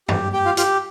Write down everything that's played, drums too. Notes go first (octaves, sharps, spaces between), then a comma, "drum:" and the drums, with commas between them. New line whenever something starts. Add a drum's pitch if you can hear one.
G4, drum: tom F#2
G4 G5
F4 F5
F4 G4 F5, drum: hi-hat